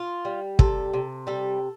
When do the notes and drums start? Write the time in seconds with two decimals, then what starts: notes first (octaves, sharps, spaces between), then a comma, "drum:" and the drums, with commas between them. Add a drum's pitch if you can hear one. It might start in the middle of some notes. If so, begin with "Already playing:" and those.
Already playing: F4
0.25 G3
0.59 C3 A4, drum: kick
0.93 C3
1.27 G3 A4